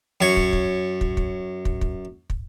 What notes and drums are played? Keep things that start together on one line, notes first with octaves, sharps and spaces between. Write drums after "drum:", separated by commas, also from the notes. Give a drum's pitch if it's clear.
F#2 C#5
drum: kick
drum: kick
drum: kick
drum: kick
drum: kick
drum: kick
drum: kick